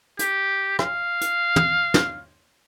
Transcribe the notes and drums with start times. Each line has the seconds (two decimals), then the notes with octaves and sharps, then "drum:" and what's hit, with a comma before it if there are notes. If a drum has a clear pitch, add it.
0.19 G4, drum: hi-hat
0.79 F5, drum: rim click
1.21 drum: hi-hat
1.56 drum: tom
1.94 drum: snare